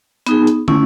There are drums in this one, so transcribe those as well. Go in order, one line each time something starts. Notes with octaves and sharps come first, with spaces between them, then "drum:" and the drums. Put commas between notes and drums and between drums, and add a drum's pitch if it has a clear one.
B3 D#4 G#4, drum: hi-hat
drum: hi-hat
A3 C#4 E4, drum: tom